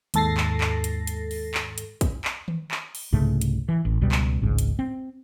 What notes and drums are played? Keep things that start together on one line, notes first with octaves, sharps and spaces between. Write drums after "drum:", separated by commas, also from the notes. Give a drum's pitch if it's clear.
D#2 G#2 A4 A6 A#6 C7, drum: hi-hat
drum: clap
drum: clap
drum: hi-hat
drum: hi-hat
drum: open hi-hat
drum: clap
drum: hi-hat
drum: kick, hi-hat
drum: clap
drum: tom D#3
drum: clap
drum: open hi-hat
C2 G#2 C#3 A3
drum: hi-hat
E3
A1
C#2 B2 G3
drum: clap
G#1 C#2 G#2
drum: hi-hat
C4